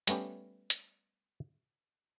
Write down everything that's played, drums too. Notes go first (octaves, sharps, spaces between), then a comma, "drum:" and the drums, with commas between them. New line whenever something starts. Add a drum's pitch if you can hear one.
G3 A3 B3 C#4 G4, drum: hi-hat
drum: hi-hat